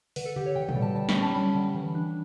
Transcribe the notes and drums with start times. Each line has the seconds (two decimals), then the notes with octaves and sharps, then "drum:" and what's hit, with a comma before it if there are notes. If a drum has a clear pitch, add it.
0.16 D3 B4, drum: open hi-hat
0.26 A4
0.36 D3 G4
0.46 C#5
0.56 D3 G5
0.69 G5, drum: tom
0.76 G3
0.82 A5
0.95 G3 A5
1.09 B5, drum: snare
1.16 C#4
1.22 A5
1.35 G3 B5
1.55 D3
1.75 E3
1.95 D4